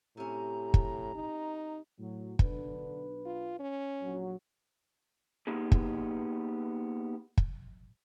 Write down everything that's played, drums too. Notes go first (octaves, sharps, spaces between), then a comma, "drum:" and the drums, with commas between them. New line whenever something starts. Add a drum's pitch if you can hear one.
A2 C3 C#4 A#5
drum: kick
D#4
A2 F#3
B1 D3 D4 B4, drum: kick
F4
C#4
A#1 F#3
A#3 B3 D#4 G4 G#4
drum: kick
drum: kick